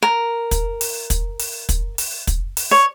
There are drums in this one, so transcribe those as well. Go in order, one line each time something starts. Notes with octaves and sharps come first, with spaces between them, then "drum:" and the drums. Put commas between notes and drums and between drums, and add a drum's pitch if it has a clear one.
A#4
drum: kick, hi-hat
drum: open hi-hat
drum: kick, hi-hat
drum: open hi-hat
drum: kick, hi-hat
drum: open hi-hat
drum: kick, hi-hat
drum: open hi-hat
C#5